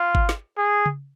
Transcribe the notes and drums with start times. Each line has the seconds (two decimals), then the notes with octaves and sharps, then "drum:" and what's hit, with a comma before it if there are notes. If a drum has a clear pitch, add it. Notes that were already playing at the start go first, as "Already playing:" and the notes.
Already playing: F4
0.15 drum: kick G#1
0.29 drum: snare
0.57 G#4
0.86 drum: tom C#3